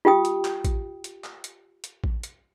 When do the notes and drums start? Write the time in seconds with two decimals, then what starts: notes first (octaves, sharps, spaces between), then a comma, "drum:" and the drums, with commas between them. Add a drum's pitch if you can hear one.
0.05 F4 G4 G5 D#6
0.25 drum: hi-hat
0.45 drum: clap
0.65 drum: kick A1, hi-hat
1.04 drum: hi-hat
1.24 drum: clap
1.44 drum: hi-hat
1.84 drum: hi-hat
2.04 drum: kick A1
2.23 drum: hi-hat